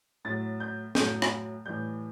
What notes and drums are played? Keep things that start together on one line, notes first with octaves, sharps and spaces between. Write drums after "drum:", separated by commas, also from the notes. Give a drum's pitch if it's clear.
A2 F#3 A6
G6
A2 F#3 G6, drum: snare
drum: rim click
A2 E3 G3 G6